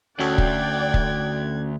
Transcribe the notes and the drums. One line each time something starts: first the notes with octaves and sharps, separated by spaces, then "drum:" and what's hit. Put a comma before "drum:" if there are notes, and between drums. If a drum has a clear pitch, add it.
D2 C#4 F#4 A4 D5 G5 F#6 G#6
drum: kick
drum: kick